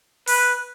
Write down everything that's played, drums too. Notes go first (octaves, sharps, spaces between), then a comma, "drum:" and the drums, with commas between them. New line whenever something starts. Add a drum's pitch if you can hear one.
B4, drum: open hi-hat